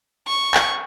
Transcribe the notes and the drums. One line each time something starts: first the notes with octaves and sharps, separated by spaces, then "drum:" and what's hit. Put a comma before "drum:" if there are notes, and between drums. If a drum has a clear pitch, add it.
C#6
drum: clap